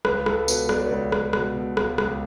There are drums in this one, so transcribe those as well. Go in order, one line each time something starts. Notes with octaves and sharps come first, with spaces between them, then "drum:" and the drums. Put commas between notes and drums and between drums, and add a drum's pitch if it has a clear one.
C#2 B4, drum: rim click
C#2 A4, drum: rim click
B2 B4, drum: tambourine
B2 D5, drum: rim click
C#5
C#2 B4 D5
C#2, drum: rim click
B2, drum: rim click
B2
C#2, drum: rim click
C#2, drum: rim click